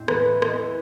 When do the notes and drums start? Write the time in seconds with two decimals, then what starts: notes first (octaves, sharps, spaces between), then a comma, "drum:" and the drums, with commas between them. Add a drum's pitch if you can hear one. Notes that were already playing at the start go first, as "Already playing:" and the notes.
Already playing: E2 A2 G#3 C4
0.08 E3 B4, drum: rim click
0.26 C4
0.42 G#3, drum: rim click
0.58 E4